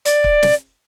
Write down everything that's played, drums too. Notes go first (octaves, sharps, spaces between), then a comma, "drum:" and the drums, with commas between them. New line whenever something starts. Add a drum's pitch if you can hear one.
D5, drum: hi-hat
drum: kick
drum: snare